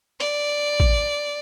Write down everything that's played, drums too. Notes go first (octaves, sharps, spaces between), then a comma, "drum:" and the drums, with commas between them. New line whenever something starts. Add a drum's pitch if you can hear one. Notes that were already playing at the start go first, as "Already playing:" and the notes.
D5, drum: hi-hat
drum: kick A1